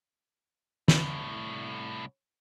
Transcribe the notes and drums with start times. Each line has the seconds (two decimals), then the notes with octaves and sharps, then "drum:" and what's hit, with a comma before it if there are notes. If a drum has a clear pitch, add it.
0.88 C2 A2, drum: snare